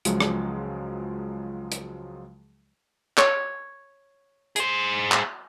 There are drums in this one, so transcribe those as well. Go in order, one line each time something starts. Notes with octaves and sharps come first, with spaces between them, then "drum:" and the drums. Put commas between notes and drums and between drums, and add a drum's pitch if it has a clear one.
C#2 F3 F#3 G#3, drum: hi-hat
drum: rim click
drum: hi-hat
C#5, drum: clap
G#4 C5, drum: hi-hat
drum: clap